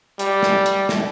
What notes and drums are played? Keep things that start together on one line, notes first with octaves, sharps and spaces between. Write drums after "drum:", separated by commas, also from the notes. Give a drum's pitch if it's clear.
G3, drum: hi-hat
drum: snare
drum: hi-hat
drum: snare